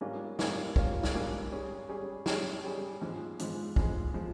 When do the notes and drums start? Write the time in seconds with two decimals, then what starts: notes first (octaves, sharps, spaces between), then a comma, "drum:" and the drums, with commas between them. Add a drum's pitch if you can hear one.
0.01 G#2 G3 A#3 C#4 F4
0.39 G#2 G3 A#3 C#4 F4, drum: snare
0.76 G#2 G3 A#3 C#4 F4, drum: kick
1.03 drum: snare
1.14 G#2 G3 A#3 C#4 F4
1.52 G3 C#4 G#4
1.89 G3 C#4 G#4
2.26 G3 C#4 G#4, drum: snare
2.64 G3 C#4 G#4
3.01 G#2 F3 G#3
3.39 G#2 F3 G#3, drum: hi-hat
3.76 G#2 F3 G#3, drum: kick
4.14 F3 G#3